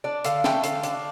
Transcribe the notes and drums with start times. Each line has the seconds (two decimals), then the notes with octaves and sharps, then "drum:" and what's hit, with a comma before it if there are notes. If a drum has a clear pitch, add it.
0.04 D4 D5
0.24 D3 F5, drum: hi-hat
0.44 A3 G5, drum: snare
0.64 D3 F5, drum: hi-hat
0.83 D4, drum: hi-hat